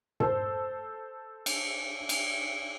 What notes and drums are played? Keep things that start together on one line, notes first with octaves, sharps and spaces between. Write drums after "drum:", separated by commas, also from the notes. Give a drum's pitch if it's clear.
A4 C5, drum: tom
drum: cymbal
drum: cymbal